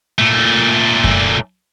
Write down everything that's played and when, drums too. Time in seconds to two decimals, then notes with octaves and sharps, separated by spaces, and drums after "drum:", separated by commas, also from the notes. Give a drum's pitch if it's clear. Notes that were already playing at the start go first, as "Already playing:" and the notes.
0.19 A#2 A3
1.04 drum: kick F#2